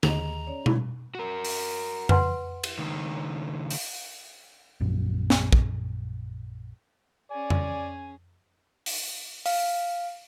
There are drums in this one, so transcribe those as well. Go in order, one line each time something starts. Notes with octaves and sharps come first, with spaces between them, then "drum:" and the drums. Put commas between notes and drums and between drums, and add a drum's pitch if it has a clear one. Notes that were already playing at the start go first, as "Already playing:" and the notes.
D#2 G#4 D#5 A#5, drum: tom D3
C#4 C#5 D5
D3 E4 G#6, drum: tom B2
F#4 A#4
drum: open hi-hat
B4 F#5 C6, drum: tom F2
drum: cymbal
C#2 D#3
drum: open hi-hat
A#1 F#2
drum: snare
drum: kick
C#4 G#4 D5 G#5
drum: tom F2
drum: open hi-hat
F5, drum: open hi-hat